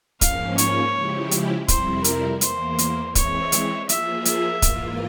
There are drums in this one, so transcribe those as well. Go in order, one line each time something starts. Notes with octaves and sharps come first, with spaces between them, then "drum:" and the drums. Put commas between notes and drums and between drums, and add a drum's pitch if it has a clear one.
G#2 F3 A#3 C#4 F5, drum: kick, hi-hat
C#5, drum: hi-hat
C#3 F3 G#3 E4 G4
drum: hi-hat
F2 C3 G3 C4 E4 C5, drum: kick, hi-hat
A#4, drum: hi-hat
E2 E3 A#3 C5, drum: hi-hat
drum: hi-hat
E3 G#3 C4 E4 C#5, drum: kick, hi-hat
drum: hi-hat
F3 A#3 F4 G#4 E5, drum: hi-hat
E5, drum: hi-hat
G#2 E3 A#3 F4, drum: kick, hi-hat